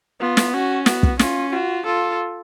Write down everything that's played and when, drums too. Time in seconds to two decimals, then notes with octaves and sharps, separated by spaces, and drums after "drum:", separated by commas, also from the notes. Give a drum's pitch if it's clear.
0.20 B3 F4
0.37 drum: snare
0.54 C#4 F#4
0.86 B3 F#4, drum: snare
1.03 drum: kick
1.19 C#4 F4, drum: snare
1.53 F4 F#4
1.86 F4 A4